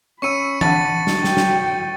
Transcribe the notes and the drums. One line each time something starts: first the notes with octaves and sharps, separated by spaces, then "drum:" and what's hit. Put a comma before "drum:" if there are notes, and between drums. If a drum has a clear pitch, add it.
C#4 B5 C#6 E6 C#7 D#7
F#5 A5 A6, drum: tom E3
drum: snare
F#3 G5, drum: snare
drum: snare